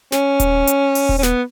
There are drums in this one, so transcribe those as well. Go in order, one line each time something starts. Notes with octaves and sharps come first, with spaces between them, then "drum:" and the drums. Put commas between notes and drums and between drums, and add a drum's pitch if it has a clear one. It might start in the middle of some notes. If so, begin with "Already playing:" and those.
C#4, drum: snare
drum: kick D#1, hi-hat
drum: hi-hat
drum: open hi-hat
drum: kick D#1
C#4
B3, drum: snare